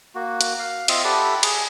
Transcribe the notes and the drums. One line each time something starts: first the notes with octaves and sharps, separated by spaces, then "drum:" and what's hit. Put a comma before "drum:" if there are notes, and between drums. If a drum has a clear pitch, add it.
A#3 F#4
drum: hi-hat
F5
C4 F4 D#5 E5, drum: cymbal
G4 A4 D5 E5 F#5 B5
G#4, drum: cymbal